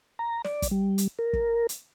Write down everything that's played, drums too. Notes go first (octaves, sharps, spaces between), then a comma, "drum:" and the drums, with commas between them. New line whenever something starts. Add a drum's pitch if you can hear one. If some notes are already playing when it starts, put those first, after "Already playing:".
A#5
D5, drum: snare
drum: kick, hi-hat
G3
drum: hi-hat
A#4
drum: kick
drum: hi-hat